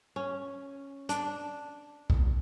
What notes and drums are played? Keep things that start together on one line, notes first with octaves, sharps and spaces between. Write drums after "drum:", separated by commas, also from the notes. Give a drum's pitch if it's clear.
C#4
D4, drum: hi-hat
drum: kick B1